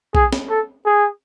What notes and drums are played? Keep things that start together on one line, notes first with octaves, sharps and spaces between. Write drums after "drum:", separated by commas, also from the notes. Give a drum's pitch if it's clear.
G#4, drum: kick B1
drum: snare
A4
G#4